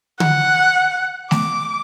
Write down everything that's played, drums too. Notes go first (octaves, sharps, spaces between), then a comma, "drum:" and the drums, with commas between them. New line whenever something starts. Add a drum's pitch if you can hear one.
F#5, drum: tom D3
D6, drum: snare A3